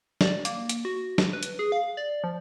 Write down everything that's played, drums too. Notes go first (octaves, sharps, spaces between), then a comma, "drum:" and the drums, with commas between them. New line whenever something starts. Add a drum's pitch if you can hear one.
D5, drum: snare
A#3, drum: hi-hat
drum: hi-hat
F#4
drum: snare
B4
drum: hi-hat
G#4
F5
D5
F3